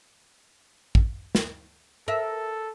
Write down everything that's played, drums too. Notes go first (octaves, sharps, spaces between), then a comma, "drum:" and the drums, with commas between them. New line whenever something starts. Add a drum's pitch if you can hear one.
drum: kick
drum: snare
A4 A#4 E5